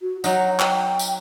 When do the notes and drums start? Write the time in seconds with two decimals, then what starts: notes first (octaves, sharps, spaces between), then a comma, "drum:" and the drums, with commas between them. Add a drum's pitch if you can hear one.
0.01 F#4
0.24 F#3 D#4 F#5, drum: tambourine
0.59 G5, drum: clap
0.99 drum: tambourine